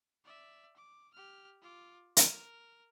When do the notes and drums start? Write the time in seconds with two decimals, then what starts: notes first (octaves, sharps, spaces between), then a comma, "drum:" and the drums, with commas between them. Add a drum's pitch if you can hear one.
0.24 D5 E5
0.77 D6
1.14 G4 F6
1.61 F4 D6
2.17 A#4, drum: hi-hat